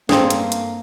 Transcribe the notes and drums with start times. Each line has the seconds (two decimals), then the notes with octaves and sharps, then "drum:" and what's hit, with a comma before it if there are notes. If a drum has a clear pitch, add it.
0.09 G2 A3 A#3 C4 G#4, drum: snare
0.30 drum: hi-hat
0.52 drum: hi-hat